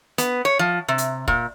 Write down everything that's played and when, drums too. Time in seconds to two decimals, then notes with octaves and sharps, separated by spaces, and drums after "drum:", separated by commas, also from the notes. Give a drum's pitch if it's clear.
0.18 B3, drum: hi-hat
0.45 C#5
0.59 F3
0.88 C3
0.98 drum: hi-hat
1.28 A#2, drum: kick